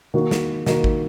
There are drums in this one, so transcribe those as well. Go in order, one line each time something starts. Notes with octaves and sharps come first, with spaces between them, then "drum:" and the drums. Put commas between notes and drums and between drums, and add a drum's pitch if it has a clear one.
D#3 A#3 D#4 F#4
drum: snare
D#3 A#3 D#4 F#4, drum: snare
drum: kick G#1